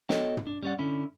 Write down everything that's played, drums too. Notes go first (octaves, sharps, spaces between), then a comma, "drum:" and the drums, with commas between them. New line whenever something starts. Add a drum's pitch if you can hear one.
B3 F#4 A4 C#5 D#5 G5, drum: snare
drum: tom
D4
G3 C#4 D5 F#5
D3 C#4 E4